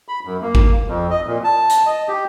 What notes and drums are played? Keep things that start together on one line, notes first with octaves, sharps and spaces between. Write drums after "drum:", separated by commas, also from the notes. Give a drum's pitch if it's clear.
B5
F#2
A#3
drum: kick
F2
D#5
A#2
A5
drum: hi-hat
D#5
G4